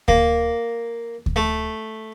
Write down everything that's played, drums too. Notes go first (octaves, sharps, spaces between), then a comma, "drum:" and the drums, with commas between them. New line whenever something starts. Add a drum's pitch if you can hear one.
A#3, drum: kick D2
drum: kick D2
A3